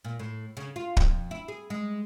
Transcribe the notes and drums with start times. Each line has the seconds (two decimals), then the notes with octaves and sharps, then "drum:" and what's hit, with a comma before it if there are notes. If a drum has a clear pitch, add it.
0.04 A#2
0.19 A2
0.57 C#3
0.76 F4
0.97 F2, drum: kick
1.31 E4
1.48 G#4
1.70 G#3